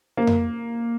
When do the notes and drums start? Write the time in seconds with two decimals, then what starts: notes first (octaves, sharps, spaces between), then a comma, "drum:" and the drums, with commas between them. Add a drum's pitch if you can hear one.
0.17 A#3
0.27 drum: tom F2